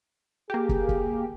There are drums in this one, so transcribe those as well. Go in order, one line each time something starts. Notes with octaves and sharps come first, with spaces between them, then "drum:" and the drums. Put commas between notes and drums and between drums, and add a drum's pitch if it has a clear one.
A#3 G4 G#4
drum: kick
drum: kick